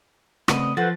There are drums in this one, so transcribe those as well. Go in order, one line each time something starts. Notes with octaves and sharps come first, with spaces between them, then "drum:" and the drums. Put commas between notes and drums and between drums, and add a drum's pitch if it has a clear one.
C#3 A3 B3 C4 D5 D#5, drum: rim click
F3 F#4 A4 B4 C5 A6